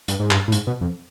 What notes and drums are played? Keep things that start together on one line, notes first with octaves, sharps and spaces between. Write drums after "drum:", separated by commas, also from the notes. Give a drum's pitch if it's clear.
G2, drum: hi-hat
G#2
G2, drum: clap
A2
G#2, drum: hi-hat
B2
F2